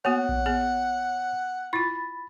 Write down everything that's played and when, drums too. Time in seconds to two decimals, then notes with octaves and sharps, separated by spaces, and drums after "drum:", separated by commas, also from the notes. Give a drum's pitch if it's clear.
0.05 A#3 B3 F#4 C#5 F#5
0.29 drum: kick A#1
0.46 B3 G#4
1.73 E4 F4 B5 A6